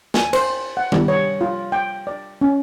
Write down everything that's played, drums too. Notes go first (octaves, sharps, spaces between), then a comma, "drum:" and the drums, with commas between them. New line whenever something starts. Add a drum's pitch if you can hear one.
G#5, drum: snare
C5, drum: cymbal
F#5
G3, drum: tom D#3
C#5
F4
G5
D5
C#4